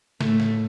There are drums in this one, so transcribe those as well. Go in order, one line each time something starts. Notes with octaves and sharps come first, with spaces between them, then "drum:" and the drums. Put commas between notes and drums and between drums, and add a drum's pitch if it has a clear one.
A2 A3, drum: snare
drum: snare